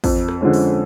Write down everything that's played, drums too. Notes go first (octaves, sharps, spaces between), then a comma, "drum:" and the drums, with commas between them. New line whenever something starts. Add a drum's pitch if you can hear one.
F2, drum: kick, open hi-hat
drum: rim click
D3 F3 G#3 C#4
drum: open hi-hat